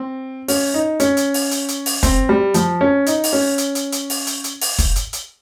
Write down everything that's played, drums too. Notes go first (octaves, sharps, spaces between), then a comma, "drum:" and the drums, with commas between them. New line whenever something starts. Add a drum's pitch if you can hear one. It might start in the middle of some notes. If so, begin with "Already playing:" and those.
Already playing: C4
C#4, drum: open hi-hat
D#4
C#4, drum: hi-hat
drum: hi-hat
drum: open hi-hat
drum: hi-hat
drum: hi-hat
drum: open hi-hat
C4, drum: kick, hi-hat
G3
F3, drum: hi-hat
C#4
D#4, drum: hi-hat
drum: open hi-hat
C#4
drum: hi-hat
drum: hi-hat
drum: hi-hat
drum: open hi-hat
drum: hi-hat
drum: hi-hat
drum: open hi-hat
drum: kick, hi-hat
drum: hi-hat
drum: hi-hat